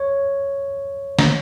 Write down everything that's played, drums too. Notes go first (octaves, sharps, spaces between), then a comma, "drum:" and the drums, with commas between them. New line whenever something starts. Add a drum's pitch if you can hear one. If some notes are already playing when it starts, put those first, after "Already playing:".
Already playing: C#5
drum: snare